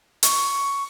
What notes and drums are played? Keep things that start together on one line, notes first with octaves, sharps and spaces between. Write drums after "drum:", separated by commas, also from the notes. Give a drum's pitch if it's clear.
C#6, drum: hi-hat